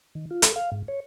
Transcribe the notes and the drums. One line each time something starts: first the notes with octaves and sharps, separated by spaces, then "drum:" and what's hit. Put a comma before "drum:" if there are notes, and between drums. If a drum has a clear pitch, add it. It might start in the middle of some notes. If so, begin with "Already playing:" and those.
D#3
F4
A4, drum: hi-hat
F5
G#2
C#5